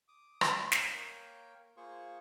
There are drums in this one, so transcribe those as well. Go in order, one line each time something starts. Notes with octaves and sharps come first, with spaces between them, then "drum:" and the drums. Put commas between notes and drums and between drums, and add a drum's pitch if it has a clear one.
D6 D#6
drum: rim click
E5
C#4 D#4 F5 F#6, drum: snare
A#3 A#4 C#5 G5
A#3 F4 G#4 C5 C#6